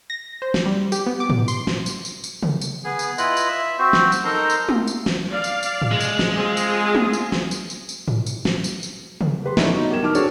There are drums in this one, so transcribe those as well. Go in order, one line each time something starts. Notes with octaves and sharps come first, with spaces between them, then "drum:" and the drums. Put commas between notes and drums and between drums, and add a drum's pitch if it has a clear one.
A#6
C5
drum: snare
G3
G4, drum: tambourine
B3
D6
drum: tom
C6, drum: tambourine
drum: snare
drum: tambourine
drum: tambourine
drum: tambourine
drum: tom
drum: tambourine
B3 G#4
drum: tambourine
E4 F4 B4 D#5 B5 F#6, drum: tambourine
drum: tambourine
E5
C4 F#4 C5
drum: snare
drum: tambourine
D#4 A4 A#4 C5 A#5 C6
drum: tambourine
drum: tom
drum: tambourine
drum: snare
D5 F5
drum: tambourine
drum: tambourine
drum: tom G#2
G#3
drum: tambourine
drum: snare
C4 F4 G#4
drum: tambourine
drum: tom
drum: tambourine
drum: snare
drum: tambourine
drum: tambourine
drum: tambourine
drum: tom G#2
drum: tambourine
drum: snare
drum: tambourine
drum: tambourine
drum: tom
G4 B4 C6
A3 B3 C#4 D#4 E4 A4, drum: snare
B3 D#4 F#4
G3 A#4 G5 G#6 E7
D#3 A5 D6 F6
C4 D4 F#4 G#4 A4 C#5, drum: tambourine